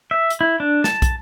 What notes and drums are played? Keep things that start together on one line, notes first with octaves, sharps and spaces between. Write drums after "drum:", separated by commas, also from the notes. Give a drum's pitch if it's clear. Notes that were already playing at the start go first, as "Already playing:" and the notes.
E5
drum: hi-hat
E4
D4
A5, drum: snare
drum: kick, hi-hat